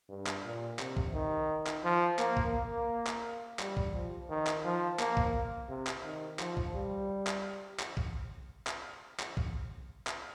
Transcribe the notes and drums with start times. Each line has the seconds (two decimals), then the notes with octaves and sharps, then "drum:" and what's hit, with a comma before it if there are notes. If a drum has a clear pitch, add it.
0.09 G2
0.27 drum: clap
0.44 A#2
0.79 C3, drum: clap
0.97 drum: kick
1.14 D#3
1.67 drum: clap
1.84 F3
2.19 A#3, drum: clap
2.37 drum: kick
2.54 A#3
3.07 drum: clap
3.59 G3, drum: clap
3.77 drum: kick
3.94 F3
4.29 D#3
4.47 drum: clap
4.65 F3
4.99 A#3, drum: clap
5.17 drum: kick
5.69 C3
5.87 drum: clap
6.04 D#3
6.39 F3, drum: clap
6.57 drum: kick
6.74 G3
7.27 drum: clap
7.79 drum: clap
7.97 drum: kick
8.67 drum: clap
9.19 drum: clap
9.37 drum: kick
10.07 drum: clap